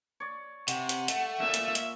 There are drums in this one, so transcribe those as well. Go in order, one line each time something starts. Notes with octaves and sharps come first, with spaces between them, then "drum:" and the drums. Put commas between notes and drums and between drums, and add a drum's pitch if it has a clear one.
C#5 D5
C3 F#5, drum: hi-hat
drum: hi-hat
A3, drum: hi-hat
A#2 E5
drum: hi-hat
drum: hi-hat